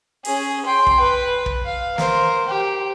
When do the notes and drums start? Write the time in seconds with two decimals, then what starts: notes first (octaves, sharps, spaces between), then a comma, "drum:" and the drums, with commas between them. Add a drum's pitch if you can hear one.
0.25 C#4 G#4, drum: open hi-hat
0.65 G5 C6
0.87 drum: kick
1.00 B4
1.46 drum: kick
1.66 F5
1.98 A#4 C5, drum: snare
2.47 G4